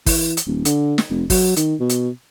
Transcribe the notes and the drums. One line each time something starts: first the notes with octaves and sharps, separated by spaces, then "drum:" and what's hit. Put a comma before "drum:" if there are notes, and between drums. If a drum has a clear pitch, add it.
E3, drum: kick, open hi-hat
drum: hi-hat
D#1
D3, drum: hi-hat
drum: snare
F1
F#3, drum: kick, open hi-hat
D#3, drum: hi-hat
B2
drum: hi-hat